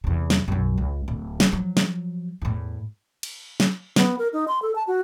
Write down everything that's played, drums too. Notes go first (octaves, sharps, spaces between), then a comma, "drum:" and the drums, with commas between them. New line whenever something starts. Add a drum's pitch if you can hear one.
E2 C3
drum: snare
B1 F#2
C#2
D1
drum: snare
F3 F#3
drum: snare
E2 A2
drum: cymbal
drum: snare
B3, drum: snare
A#4
D#4
C6
A4
A5
F#4